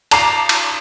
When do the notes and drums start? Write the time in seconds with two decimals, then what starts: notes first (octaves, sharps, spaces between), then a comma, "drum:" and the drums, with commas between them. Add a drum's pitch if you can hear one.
0.11 A5 A#5 D6 C7, drum: cymbal
0.49 drum: cymbal